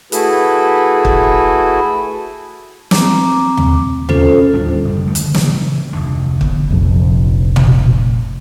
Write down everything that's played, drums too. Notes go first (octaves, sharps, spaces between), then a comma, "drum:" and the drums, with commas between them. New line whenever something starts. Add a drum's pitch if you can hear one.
A3 E4 F#4 G#4 A4 B4, drum: hi-hat
drum: kick
C4 A#5 D6, drum: snare
drum: tom D#2
C#4 F4 A4 C5, drum: tom D#2
D1 D#2 G3 D4
F#1 G3
D3 D#3 F3 A3
drum: hi-hat
C#3 E3 A#3, drum: snare
F1 D2 D3
D3 B3, drum: kick
F1 A#1 F2
drum: tom